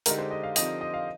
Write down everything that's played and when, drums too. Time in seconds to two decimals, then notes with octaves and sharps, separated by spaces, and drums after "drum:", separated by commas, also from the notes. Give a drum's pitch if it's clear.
0.06 D3 G#3 D#4 G4 A#4, drum: hi-hat
0.18 C5
0.31 D#5
0.43 F5
0.56 D3 F3 C4 D#4 G4 D#5, drum: hi-hat
0.81 D#5
0.94 F5